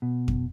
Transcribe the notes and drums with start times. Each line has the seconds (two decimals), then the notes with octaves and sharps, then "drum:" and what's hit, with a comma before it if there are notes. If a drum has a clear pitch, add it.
0.02 B2
0.28 drum: kick F2